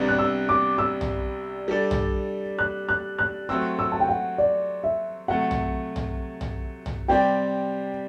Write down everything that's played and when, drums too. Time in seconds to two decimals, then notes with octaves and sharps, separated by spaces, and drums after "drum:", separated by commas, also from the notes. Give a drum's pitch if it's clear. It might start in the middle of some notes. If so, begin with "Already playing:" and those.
Already playing: C2 C3 G3 B3 D4
0.08 F#6
0.19 E6
0.49 D6
0.78 E6
1.01 drum: tom
1.68 G3 D4 A4 D5
1.91 drum: tom
2.58 F#6
2.89 F#6
3.18 F#6
3.49 F#3 A3 C4 F#4 E6
3.79 E6
3.92 A5
4.00 G5
4.09 F#5
4.38 D5
4.84 E5
5.28 C3 F#3 A3 F#5
5.51 drum: tom
5.96 drum: tom
6.41 drum: tom
6.86 drum: tom
7.08 C3 G3 C4 G4 D5 G5